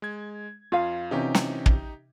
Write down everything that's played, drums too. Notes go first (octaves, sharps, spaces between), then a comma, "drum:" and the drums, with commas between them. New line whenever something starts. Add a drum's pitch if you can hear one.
G#3 G#6
F2 F4 F5
C3 E3 C#4 D#4 G4
drum: snare
drum: kick